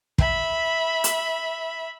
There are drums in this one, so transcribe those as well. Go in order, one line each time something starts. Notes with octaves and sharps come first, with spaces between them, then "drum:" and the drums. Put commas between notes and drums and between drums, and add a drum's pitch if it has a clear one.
E5 B5, drum: kick
drum: hi-hat